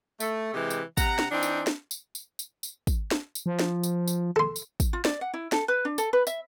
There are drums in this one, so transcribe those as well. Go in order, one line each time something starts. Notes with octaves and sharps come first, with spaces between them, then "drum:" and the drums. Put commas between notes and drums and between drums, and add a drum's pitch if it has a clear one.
A3, drum: tambourine
C3 E3 G#3 G4
drum: tambourine
C3 F#5 A#5, drum: kick, tambourine
drum: snare
E3 C4 D4 D#4
drum: tambourine
drum: snare
drum: tambourine
drum: tambourine
drum: tambourine
drum: tambourine
drum: kick, tambourine
drum: snare
drum: tambourine
F3
drum: snare
drum: tambourine
drum: tambourine
A4 C6
drum: tambourine
drum: kick, tambourine
F4
D5, drum: snare
F#5
E4
A4, drum: snare
B4
D4
A4, drum: tambourine
B4
E5, drum: tambourine